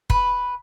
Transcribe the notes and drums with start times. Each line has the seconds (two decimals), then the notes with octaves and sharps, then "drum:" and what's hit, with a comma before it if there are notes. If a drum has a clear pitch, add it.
0.10 B4, drum: kick